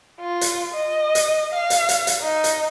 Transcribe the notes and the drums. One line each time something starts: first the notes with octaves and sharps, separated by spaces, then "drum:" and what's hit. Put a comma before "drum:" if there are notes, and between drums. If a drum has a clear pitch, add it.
F4
drum: hi-hat
D#5
drum: hi-hat
F5
drum: hi-hat
drum: hi-hat
drum: hi-hat
D#4
drum: hi-hat